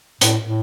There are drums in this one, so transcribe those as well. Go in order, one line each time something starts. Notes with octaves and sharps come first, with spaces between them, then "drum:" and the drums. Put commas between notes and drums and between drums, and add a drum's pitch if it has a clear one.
A2, drum: hi-hat
A2